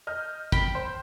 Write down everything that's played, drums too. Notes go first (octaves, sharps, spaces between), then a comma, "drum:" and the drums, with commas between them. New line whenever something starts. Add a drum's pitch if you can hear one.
D#5 F6 G6
G5 B5, drum: kick
C5